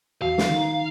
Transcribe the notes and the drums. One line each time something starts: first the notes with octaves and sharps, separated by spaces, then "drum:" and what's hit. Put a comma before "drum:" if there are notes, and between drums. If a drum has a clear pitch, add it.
E2 F#4 F5
drum: snare
D#3 D#4